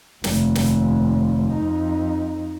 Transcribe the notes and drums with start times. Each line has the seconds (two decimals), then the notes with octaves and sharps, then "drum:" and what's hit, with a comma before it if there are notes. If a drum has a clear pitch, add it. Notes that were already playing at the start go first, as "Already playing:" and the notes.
0.24 F1 D#2, drum: snare
0.55 drum: snare
1.53 F2 D#4